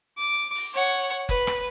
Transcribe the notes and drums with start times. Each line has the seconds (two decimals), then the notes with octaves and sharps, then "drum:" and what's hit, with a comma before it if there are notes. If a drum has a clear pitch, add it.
0.18 D6
0.55 drum: open hi-hat
0.74 C#5 F#5, drum: hi-hat
0.92 drum: hi-hat
1.10 drum: hi-hat
1.29 B4, drum: kick F#1, hi-hat
1.47 drum: rim click